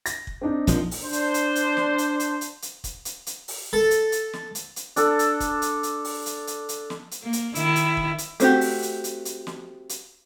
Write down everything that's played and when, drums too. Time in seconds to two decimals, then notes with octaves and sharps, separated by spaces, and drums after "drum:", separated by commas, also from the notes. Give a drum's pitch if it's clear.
0.06 A#6, drum: hi-hat
0.27 drum: kick
0.41 C4 D4 D#4
0.67 A#1 F3, drum: hi-hat
0.91 drum: open hi-hat
1.03 D4 C5
1.13 drum: hi-hat
1.34 drum: hi-hat
1.55 drum: hi-hat
1.77 drum: snare
1.98 drum: hi-hat
2.20 drum: hi-hat
2.41 drum: hi-hat
2.62 drum: hi-hat
2.84 drum: kick, hi-hat
3.05 drum: hi-hat
3.27 drum: hi-hat
3.48 drum: open hi-hat
3.73 A4
3.91 drum: hi-hat
4.12 drum: hi-hat
4.33 drum: snare
4.55 drum: hi-hat
4.76 drum: hi-hat
4.96 D4 A4, drum: hi-hat
5.19 drum: hi-hat
5.40 drum: kick, hi-hat
5.62 drum: hi-hat
5.83 drum: hi-hat
6.05 drum: open hi-hat
6.26 drum: hi-hat
6.47 drum: hi-hat
6.69 drum: hi-hat
6.90 drum: snare
7.11 drum: hi-hat
7.23 A#3
7.33 drum: hi-hat
7.55 D#3 E4, drum: hi-hat
7.76 drum: hi-hat
7.97 drum: kick
8.18 drum: hi-hat
8.40 A3 C4 F#4 G4, drum: hi-hat
8.61 drum: open hi-hat
8.83 drum: hi-hat
9.04 drum: hi-hat
9.25 drum: hi-hat
9.47 drum: snare
9.89 drum: hi-hat